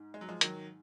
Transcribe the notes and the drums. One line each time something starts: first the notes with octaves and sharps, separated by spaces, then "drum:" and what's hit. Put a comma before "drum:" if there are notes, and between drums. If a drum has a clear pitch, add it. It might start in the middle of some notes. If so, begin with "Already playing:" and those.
Already playing: G#2
G#3
F#3
F3 G#3
D#3 F#3, drum: hi-hat